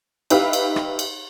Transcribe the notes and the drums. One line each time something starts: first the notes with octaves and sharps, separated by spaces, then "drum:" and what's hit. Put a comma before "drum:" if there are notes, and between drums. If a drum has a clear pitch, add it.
D#4 G4 B4 E5 F5, drum: cymbal
drum: cymbal
drum: rim click
drum: cymbal